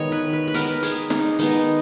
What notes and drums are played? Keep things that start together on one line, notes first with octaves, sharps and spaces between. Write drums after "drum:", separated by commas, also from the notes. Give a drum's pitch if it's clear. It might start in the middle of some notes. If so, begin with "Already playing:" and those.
Already playing: D#3 G#3 B3 C#5 D#5
B4
B4
B4
D#3 G#3 B3 A#4, drum: hi-hat
G#4, drum: hi-hat
D#4, drum: snare
D#3 G#3 B3 D#4, drum: hi-hat